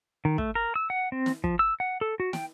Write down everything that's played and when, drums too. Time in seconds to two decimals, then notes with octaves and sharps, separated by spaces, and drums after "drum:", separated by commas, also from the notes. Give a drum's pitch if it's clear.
0.25 D#3
0.38 A3, drum: kick
0.55 A#4
0.76 E6
0.90 F#5
1.12 C4
1.26 drum: snare
1.44 F3, drum: kick
1.59 E6
1.80 F#5
2.01 A4
2.20 F#4
2.33 G5, drum: snare